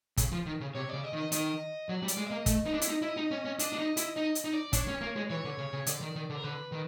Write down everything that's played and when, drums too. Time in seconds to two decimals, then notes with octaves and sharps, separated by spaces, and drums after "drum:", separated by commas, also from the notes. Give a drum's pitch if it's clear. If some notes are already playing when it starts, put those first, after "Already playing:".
0.17 C#3, drum: kick, hi-hat
0.32 F3
0.46 D#3
0.61 C#3
0.75 C3 C#5
0.89 C#3 D5
1.04 D#5
1.13 D#3
1.17 D#5
1.32 D#3 D#5, drum: hi-hat
1.89 F#3 D5
2.03 G3
2.08 D5, drum: hi-hat
2.17 G#3
2.26 A#3 D#5
2.46 A3, drum: kick, hi-hat
2.66 D#4
2.74 D4
2.82 E4, drum: hi-hat
2.88 D#4
3.02 E4 D#5
3.17 D#4
3.31 C#4
3.45 C#4
3.59 D4 D#5, drum: hi-hat
3.73 D4
3.79 D#4
3.97 E4, drum: hi-hat
4.16 D#4 D#5
4.35 drum: hi-hat
4.45 D#4
4.54 D5
4.73 D4 C#5, drum: kick, hi-hat
4.88 C#4
5.01 A#3
5.16 G#3
5.30 E3 C#5
5.44 D3
5.58 C#3
5.73 C#3
5.86 D3 D5, drum: hi-hat
6.01 D#3
6.15 D#3
6.30 D3
6.35 A#4
6.44 D3 B4
6.72 D#3